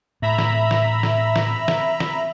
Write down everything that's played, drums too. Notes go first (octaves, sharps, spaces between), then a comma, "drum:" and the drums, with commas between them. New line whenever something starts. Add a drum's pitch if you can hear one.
A2 E5 A#5 B5
drum: snare
drum: snare
drum: snare
drum: snare
drum: snare
drum: snare